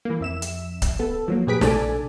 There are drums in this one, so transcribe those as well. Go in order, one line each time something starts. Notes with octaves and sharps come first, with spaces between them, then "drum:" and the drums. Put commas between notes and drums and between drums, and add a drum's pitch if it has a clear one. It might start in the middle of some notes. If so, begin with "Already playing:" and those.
E3 A#3
F2 E5 E7
drum: hi-hat
drum: kick C#1, hi-hat
B3 A4
F3 F#3 A#3
A#2 G4 G#4 B4 B6 D7
A#1 C3 D4 A4 D5 G#5, drum: snare